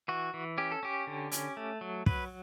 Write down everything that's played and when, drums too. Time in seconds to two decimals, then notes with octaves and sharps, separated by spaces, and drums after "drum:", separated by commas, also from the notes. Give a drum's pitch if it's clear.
0.08 E3 F#4
0.34 E3
0.58 C#4 G4
0.72 A4
0.83 C#4 G4
1.07 D3
1.32 C#4, drum: hi-hat
1.57 A3
1.81 F#3
2.06 F#3 B4, drum: kick